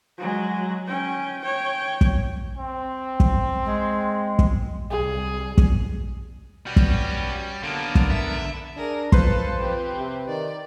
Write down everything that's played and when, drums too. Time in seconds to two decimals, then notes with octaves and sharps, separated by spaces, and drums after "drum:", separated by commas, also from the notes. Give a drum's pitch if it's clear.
0.18 F#3 G#3
0.87 C#4 G5
1.41 C#5 G5
2.01 drum: kick
2.57 C4
3.20 drum: kick
3.65 G#3
4.39 drum: kick
4.90 C2 G3 G#4
5.58 drum: kick
6.66 G3 C#4 F#4 B4
6.76 drum: kick
7.63 D3 F#3 A#3 B3 A#4 A5
7.95 drum: kick
8.11 E5
8.77 D4 G#4 A#4
9.12 F3 A4 B4 C5 F5 C6, drum: kick
9.59 C4 G4
9.97 C3
10.28 D#3 D5